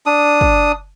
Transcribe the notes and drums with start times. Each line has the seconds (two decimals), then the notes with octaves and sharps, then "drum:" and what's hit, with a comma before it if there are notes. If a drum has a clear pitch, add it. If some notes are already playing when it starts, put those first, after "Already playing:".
0.06 D4 D#6
0.41 drum: kick